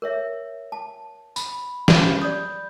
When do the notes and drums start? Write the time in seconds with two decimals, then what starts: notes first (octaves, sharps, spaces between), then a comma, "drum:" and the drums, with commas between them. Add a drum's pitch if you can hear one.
0.02 A#4 C#5 E5
0.72 A5
1.36 B5, drum: tambourine
1.88 drum: snare
2.21 D5 D#6 G6